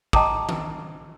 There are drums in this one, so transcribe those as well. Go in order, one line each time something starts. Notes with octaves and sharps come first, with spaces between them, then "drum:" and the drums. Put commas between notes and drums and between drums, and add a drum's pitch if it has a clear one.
D#5 G5 A5 A#5 D6 D#6, drum: kick
drum: tom D#3